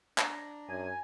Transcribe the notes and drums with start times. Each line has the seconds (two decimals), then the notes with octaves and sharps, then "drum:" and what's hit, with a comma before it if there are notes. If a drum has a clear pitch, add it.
0.18 D4 A#5, drum: clap
0.68 F#2 G#5